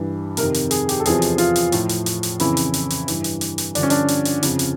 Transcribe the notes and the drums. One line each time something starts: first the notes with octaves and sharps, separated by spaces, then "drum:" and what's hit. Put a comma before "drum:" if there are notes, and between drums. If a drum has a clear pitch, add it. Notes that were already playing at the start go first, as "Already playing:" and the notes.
Already playing: G2 E3
F2 C3 D#3 A#4, drum: hi-hat
drum: hi-hat
G#4, drum: hi-hat
G4, drum: hi-hat
A4
E2 C3 F3 G#4, drum: hi-hat
drum: hi-hat
F4, drum: hi-hat
drum: hi-hat
A2 F3, drum: hi-hat
drum: hi-hat
drum: hi-hat
drum: hi-hat
F2 C#3 E3 E4, drum: hi-hat
drum: hi-hat
drum: hi-hat
drum: hi-hat
G2 E3, drum: hi-hat
drum: hi-hat
drum: hi-hat
drum: hi-hat
G2 D3 F3 D4, drum: hi-hat
C#4
D4, drum: hi-hat
drum: hi-hat
drum: hi-hat
F2 C#3 F3, drum: hi-hat
drum: hi-hat